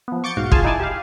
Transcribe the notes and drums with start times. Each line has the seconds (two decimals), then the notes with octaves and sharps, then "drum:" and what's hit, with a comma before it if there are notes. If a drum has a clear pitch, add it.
0.08 F3 B3
0.24 C#6 D6 G6 A6 C#7
0.37 B1 G#2 F#4 F5
0.52 F4 G#4 F5 G#5 A5, drum: kick
0.64 D#4 E4 D5 G#5 A5
0.80 G4 F5